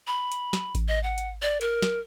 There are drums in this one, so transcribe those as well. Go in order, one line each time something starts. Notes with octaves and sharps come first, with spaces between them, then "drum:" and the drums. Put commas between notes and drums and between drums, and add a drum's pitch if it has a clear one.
B5
drum: hi-hat
drum: snare
drum: kick A1, hi-hat
D#5
F#5
drum: hi-hat
D5
A#4, drum: hi-hat
drum: snare